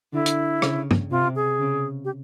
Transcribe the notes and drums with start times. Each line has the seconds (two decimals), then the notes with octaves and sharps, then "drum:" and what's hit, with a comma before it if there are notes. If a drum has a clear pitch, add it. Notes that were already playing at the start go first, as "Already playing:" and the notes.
0.13 D3 E4
0.26 drum: hi-hat
0.62 C#3, drum: rim click
0.91 drum: tom
1.11 C3 F4
1.36 G#4
1.60 C#3
2.05 G4